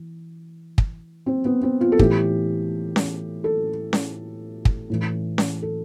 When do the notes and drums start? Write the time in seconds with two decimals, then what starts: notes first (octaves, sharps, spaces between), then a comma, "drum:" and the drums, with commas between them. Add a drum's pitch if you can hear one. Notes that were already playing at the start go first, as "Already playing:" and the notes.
Already playing: E3
0.78 drum: kick
1.26 C4
1.45 B3
1.63 C4
1.81 F4
1.92 A4
1.99 A2 E3 G4, drum: kick
2.96 drum: snare C#4
3.44 A4
3.93 drum: snare C#4
4.65 drum: kick
4.90 A2 E3
5.38 drum: snare C#4
5.62 A4